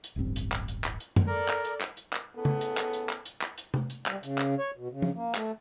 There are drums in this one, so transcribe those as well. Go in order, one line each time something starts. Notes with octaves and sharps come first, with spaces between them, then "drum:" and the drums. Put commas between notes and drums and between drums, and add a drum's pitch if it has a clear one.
drum: hi-hat
D1 A1 G2 C4
drum: hi-hat
drum: clap
drum: hi-hat
drum: clap
drum: hi-hat
drum: tom F#2
A4 A#4 D5
drum: clap
drum: hi-hat
drum: clap
drum: hi-hat
drum: clap
A2 C#3 B3 A4
drum: tom C#3
drum: hi-hat
drum: clap
drum: hi-hat
drum: clap
drum: hi-hat
drum: clap
drum: hi-hat
drum: tom C3
drum: hi-hat
G3, drum: clap
C#3, drum: hi-hat
drum: clap
C#5
B2
C#3
drum: tom F3
A#3
A3, drum: clap